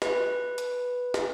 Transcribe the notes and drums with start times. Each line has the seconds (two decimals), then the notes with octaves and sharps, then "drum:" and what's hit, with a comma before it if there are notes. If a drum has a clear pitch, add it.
0.02 B4, drum: snare
0.58 drum: hi-hat
1.14 drum: snare